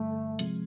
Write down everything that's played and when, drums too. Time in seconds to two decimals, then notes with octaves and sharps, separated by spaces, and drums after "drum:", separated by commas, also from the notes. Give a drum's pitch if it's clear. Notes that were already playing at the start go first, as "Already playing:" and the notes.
Already playing: G2 D3 G3 A3
0.39 C3 F3 G#3 C4, drum: hi-hat